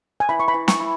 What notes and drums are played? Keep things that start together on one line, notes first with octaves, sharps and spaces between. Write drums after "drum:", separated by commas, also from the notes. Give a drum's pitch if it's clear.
G#5
E3 B5
C#6
B5
E3
C#6, drum: snare
E4